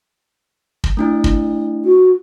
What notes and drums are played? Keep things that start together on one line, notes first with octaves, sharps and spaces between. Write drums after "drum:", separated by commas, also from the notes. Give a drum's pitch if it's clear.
drum: kick
A3 D4 E4
drum: kick
F#4